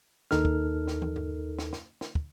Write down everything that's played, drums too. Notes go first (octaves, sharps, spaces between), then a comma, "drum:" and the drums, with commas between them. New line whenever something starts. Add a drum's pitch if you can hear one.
D#2 D#4 A4 A#4 F6, drum: snare
drum: kick
drum: snare
drum: tom
drum: tom G2
drum: snare
drum: snare
drum: snare
drum: kick